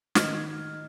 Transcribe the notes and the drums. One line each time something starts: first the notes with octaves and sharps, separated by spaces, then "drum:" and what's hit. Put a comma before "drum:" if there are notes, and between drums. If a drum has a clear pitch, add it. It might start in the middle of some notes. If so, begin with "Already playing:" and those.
D#3 F6 G#6, drum: snare